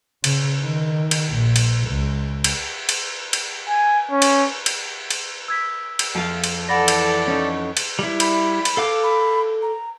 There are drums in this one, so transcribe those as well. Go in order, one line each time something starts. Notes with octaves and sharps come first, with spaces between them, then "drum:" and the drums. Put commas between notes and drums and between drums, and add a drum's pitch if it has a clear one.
C#3, drum: cymbal
D#3
drum: cymbal
A#1
drum: cymbal
C#2
drum: cymbal
drum: cymbal
drum: cymbal
G#5
C#4
drum: cymbal
drum: cymbal
drum: cymbal
E6 G#6 B6
drum: cymbal
F2 F4 F5
drum: cymbal
E3 A4 D5 F#5 B5 A#6
drum: cymbal
C#4 D#4
drum: cymbal
G3 E4
B5, drum: cymbal
drum: cymbal
A4 F5 D6
B5
A#5